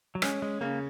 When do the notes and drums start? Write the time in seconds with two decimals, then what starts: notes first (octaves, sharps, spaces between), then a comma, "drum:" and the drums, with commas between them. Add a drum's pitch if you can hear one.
0.15 F#3
0.22 G#3 C#4, drum: rim click
0.42 G#3
0.61 C#3 A#3